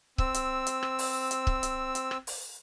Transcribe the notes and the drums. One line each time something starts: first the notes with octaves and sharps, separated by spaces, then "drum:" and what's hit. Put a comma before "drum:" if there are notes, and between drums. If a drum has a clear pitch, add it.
C4 E6, drum: kick C#1
drum: hi-hat
drum: hi-hat
drum: rim click
drum: open hi-hat
drum: hi-hat
drum: kick C#1
drum: hi-hat
drum: hi-hat
drum: rim click
drum: open hi-hat